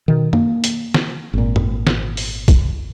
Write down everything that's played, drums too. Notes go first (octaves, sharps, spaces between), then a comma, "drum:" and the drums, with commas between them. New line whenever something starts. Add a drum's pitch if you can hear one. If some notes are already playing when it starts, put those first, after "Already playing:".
B2 D#3
A#3, drum: tom F#2
drum: hi-hat
drum: snare
G#1 A#2
drum: tom F#2
drum: snare
drum: open hi-hat
drum: kick, hi-hat